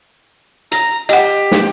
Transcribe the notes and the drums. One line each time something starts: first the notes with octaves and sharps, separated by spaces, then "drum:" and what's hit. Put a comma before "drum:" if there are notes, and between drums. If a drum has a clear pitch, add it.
A#5, drum: hi-hat
G4 D#5 F#5, drum: hi-hat
drum: snare